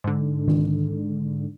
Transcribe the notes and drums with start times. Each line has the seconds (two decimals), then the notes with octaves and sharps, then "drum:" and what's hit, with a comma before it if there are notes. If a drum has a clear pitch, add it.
0.04 G#2 D3
0.48 drum: tom D#3